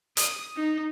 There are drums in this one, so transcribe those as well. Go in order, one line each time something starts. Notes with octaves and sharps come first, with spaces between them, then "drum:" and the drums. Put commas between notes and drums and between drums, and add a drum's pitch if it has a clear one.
D#6, drum: hi-hat
D#4